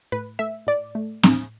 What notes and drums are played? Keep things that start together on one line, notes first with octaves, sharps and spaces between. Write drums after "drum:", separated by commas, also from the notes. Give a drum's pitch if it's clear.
A2 B4
A3 E5
A2 D5
A3
A2, drum: snare C4